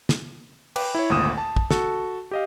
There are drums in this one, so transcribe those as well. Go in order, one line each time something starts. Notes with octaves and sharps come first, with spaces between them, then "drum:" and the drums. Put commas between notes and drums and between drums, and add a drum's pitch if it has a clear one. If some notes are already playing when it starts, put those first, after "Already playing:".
drum: snare
B4 G5 D6, drum: cymbal
E4 C#5
G#1 D2 A#2 D#6 E7
A5
drum: kick
F#4 A4, drum: snare
G4 D#5 F5